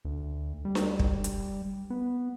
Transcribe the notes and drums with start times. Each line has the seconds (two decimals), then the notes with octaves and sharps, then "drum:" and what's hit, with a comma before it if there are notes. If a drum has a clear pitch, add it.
0.05 D2
0.65 G3
0.75 drum: snare D4
0.99 drum: kick
1.24 drum: hi-hat
1.90 B3